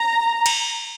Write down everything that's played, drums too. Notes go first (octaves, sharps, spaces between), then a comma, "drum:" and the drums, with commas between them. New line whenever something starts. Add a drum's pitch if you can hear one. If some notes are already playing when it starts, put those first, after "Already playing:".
Already playing: A#5
drum: cymbal